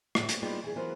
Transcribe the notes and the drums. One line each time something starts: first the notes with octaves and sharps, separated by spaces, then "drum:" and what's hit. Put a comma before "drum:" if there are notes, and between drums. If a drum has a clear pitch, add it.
F#2 A2 D3, drum: rim click
B3 D4, drum: hi-hat
G3 A#3 B3 D#4 F4 G#4
E3 G#4
E3 F#3 B3 A#4 C5